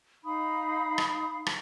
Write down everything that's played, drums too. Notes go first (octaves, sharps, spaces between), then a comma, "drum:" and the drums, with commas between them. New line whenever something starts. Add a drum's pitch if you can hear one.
D#4 F5 B5 D#6
drum: rim click
drum: rim click